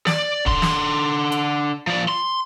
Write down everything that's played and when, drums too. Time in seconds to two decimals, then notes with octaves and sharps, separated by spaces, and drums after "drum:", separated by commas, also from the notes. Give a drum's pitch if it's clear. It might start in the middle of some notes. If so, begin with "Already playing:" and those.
0.07 D5, drum: snare
0.46 D3 C6, drum: kick D1
0.62 drum: snare
1.32 drum: hi-hat
1.87 F3 D5
2.08 C6